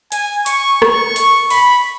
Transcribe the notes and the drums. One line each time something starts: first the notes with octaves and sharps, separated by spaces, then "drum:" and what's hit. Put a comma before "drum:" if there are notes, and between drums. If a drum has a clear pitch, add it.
G#5, drum: hi-hat
C#6, drum: hi-hat
C#6, drum: rim click
drum: hi-hat
B5, drum: open hi-hat